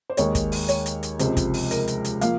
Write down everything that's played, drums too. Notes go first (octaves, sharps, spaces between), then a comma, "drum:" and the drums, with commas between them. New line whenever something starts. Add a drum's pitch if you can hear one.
C5
D#2 D#3 G#3 C#5, drum: hi-hat
drum: kick, hi-hat
drum: open hi-hat
C#5, drum: hi-hat
drum: hi-hat
drum: hi-hat
C#2 C3 F3 C5, drum: hi-hat
drum: kick, hi-hat
drum: open hi-hat
A#4, drum: hi-hat
drum: hi-hat
drum: hi-hat
F3 A#3 F5, drum: hi-hat